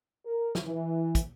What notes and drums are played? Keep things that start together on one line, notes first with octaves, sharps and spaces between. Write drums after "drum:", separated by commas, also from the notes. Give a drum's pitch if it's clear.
A#4
drum: snare
E3
drum: kick, hi-hat